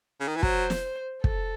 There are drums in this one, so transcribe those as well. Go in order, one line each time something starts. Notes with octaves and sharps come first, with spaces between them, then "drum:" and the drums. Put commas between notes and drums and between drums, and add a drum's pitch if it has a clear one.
C#3
D#3
E3
F#3 C5, drum: kick
drum: snare
A4, drum: kick